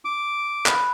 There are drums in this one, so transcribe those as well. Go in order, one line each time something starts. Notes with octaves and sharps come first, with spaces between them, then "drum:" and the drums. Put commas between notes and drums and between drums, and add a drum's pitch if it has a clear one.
D6
B5 F#6, drum: clap